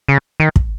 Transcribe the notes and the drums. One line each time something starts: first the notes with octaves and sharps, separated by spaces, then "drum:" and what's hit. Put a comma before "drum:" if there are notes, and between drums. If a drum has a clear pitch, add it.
C#3
D#3
drum: kick